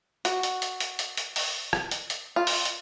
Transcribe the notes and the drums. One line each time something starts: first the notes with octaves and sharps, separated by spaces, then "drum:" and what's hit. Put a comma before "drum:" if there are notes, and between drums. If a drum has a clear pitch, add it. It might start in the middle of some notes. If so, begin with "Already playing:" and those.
F#4, drum: hi-hat
drum: hi-hat
drum: hi-hat
drum: hi-hat
drum: hi-hat
drum: hi-hat
drum: open hi-hat
drum: rim click
drum: hi-hat
drum: hi-hat
F4
drum: open hi-hat
drum: hi-hat